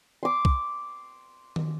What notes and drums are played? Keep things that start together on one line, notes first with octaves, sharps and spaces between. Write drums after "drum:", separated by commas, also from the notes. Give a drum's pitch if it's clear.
C6 D6
drum: kick
drum: tom D#3